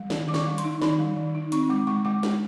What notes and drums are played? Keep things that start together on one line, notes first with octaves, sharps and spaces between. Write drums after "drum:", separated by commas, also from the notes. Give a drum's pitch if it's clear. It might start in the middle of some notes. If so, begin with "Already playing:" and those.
Already playing: G3
D#3, drum: snare
D#3 D6
C#6, drum: snare
G3 C#6
C6, drum: hi-hat
D#4
D#3 B5, drum: snare
G3
D#3
D#4
C4 C#6, drum: hi-hat
G#3 D6
G#3 C#6
G#3 D6
G#3, drum: snare